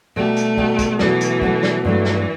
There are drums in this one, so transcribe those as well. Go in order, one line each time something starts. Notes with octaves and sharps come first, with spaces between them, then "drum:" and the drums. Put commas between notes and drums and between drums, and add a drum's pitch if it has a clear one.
B2 G3 A3 D#4 G4
drum: hi-hat
B2 G3 D#4 G4, drum: kick
drum: kick, hi-hat
B2 E3 F#3 A3, drum: snare
drum: hi-hat
B2 F#3 A3, drum: kick
drum: snare
G2 E3 F#3 A3
drum: snare